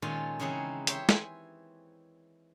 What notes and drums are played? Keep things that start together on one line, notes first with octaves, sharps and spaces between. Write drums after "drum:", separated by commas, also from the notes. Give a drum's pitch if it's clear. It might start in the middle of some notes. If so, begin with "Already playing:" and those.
A#2 D#3 G#3 C#4 F4 A4
C#3 E3 C4 D#4 G#4 C#5
G4 C5 C#5 E5 G5, drum: hi-hat
G#5, drum: snare